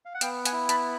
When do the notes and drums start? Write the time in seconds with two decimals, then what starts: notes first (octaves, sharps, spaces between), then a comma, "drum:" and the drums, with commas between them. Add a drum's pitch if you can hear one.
0.05 F5
0.14 F#5
0.21 B3 F5 G5, drum: hi-hat
0.46 F#5 G#5, drum: hi-hat
0.52 E4
0.69 A5 B5, drum: hi-hat